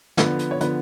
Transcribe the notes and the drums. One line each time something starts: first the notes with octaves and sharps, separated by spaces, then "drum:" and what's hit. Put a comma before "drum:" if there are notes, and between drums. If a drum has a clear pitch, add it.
D3 F3 B3, drum: snare
drum: hi-hat
C#5
D3 F3 B3 B4, drum: hi-hat